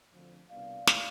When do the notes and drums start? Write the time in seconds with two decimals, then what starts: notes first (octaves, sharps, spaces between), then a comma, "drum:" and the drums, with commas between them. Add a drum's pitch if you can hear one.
0.11 D2 D3 F3 C4
0.49 C2 B2 G3 B3 D4 D5 F5
0.87 drum: snare